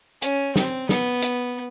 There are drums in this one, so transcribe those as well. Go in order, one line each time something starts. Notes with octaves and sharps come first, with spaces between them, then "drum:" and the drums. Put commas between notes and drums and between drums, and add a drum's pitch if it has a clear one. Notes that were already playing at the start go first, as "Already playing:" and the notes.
C#4, drum: hi-hat
C4, drum: snare
B3, drum: snare
drum: hi-hat